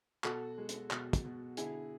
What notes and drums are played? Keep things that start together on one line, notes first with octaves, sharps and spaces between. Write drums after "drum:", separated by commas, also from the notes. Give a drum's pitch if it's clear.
B2 F#4 A4, drum: clap
G#3
drum: hi-hat
B2, drum: clap
drum: kick, hi-hat
B2
D3 E4 G#4, drum: hi-hat